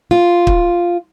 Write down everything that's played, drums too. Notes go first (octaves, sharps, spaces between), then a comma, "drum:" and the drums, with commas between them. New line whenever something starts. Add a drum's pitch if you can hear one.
F4
drum: kick